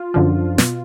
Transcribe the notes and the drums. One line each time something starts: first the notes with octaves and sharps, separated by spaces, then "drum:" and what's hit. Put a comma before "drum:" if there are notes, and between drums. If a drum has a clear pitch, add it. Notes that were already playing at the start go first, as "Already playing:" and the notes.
Already playing: F4
F#2 D3 F3
B2, drum: snare